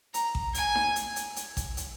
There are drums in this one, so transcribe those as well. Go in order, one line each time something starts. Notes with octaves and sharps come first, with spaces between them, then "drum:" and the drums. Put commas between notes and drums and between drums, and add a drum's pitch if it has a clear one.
A#5, drum: hi-hat
drum: kick A1
G#5, drum: hi-hat
drum: snare D#4
drum: hi-hat
drum: hi-hat
drum: hi-hat
drum: kick A1, hi-hat
drum: hi-hat